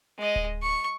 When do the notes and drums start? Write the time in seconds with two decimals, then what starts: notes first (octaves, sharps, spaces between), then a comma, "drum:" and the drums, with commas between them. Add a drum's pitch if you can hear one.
0.18 G#3 D#5
0.36 drum: kick D1
0.62 C#6